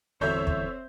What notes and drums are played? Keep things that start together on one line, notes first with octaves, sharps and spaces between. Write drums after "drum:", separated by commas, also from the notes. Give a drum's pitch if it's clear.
G1 E2 C4 A4 C5 C#5 E5 G6
drum: kick